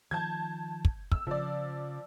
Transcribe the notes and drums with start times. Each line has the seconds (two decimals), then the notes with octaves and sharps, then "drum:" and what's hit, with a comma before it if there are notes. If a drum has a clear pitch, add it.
0.11 D#3 F3 A5 G6 G#6
0.85 drum: kick
1.12 E6, drum: kick
1.27 C#3 F3 D5